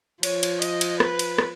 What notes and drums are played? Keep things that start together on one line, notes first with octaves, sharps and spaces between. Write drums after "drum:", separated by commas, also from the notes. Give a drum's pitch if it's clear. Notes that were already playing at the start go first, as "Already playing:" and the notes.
F3 C#5, drum: cymbal
drum: cymbal
D#5, drum: cymbal
drum: cymbal
B4, drum: rim click
drum: cymbal
drum: rim click